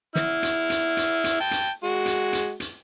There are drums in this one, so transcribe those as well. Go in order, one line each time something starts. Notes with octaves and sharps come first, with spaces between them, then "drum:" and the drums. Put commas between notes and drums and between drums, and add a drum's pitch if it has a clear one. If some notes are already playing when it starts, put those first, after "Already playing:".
E4 F6, drum: snare
drum: hi-hat
drum: hi-hat
drum: hi-hat
drum: hi-hat
G5 A5
drum: hi-hat
G#3 F#4
drum: hi-hat
drum: hi-hat
drum: hi-hat